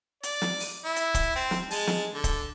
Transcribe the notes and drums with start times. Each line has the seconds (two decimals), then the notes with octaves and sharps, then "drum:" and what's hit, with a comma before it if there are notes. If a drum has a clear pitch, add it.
0.23 D5, drum: hi-hat
0.42 drum: snare
0.60 drum: open hi-hat
0.85 E4
0.96 drum: hi-hat
1.14 drum: kick, hi-hat
1.36 C4
1.51 drum: snare
1.71 G#3 A5, drum: open hi-hat
1.87 drum: snare
2.14 D3
2.24 drum: kick, hi-hat